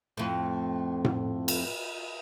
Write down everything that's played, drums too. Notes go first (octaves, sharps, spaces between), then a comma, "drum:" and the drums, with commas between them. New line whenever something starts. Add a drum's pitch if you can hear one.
F2 A2
drum: tom A2
drum: cymbal